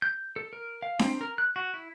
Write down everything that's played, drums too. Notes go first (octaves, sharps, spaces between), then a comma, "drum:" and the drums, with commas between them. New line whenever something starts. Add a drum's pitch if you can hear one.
G6
A4
A#4
F5
C4, drum: snare D4
A#4
F#6
F#4
E4